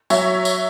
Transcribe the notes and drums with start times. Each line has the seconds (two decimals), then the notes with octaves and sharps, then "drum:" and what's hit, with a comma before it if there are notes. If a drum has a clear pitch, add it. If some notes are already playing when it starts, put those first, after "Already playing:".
0.10 F#3 C#5 E5, drum: tambourine
0.45 drum: tambourine